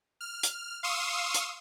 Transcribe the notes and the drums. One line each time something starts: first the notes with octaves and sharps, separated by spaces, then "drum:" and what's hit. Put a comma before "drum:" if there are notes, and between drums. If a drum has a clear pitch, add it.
F6
drum: hi-hat
F5 C6 C#6 D#6 E6
drum: hi-hat